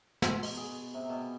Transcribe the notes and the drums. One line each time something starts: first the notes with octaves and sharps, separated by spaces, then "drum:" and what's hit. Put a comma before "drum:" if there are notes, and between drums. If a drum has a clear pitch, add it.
C6, drum: snare
B2, drum: open hi-hat
G#4
C3
B2